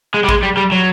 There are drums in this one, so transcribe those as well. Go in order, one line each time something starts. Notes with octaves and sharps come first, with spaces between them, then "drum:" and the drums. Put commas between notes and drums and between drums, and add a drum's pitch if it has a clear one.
G#3
G3
G#3, drum: kick
G3
G3
F#3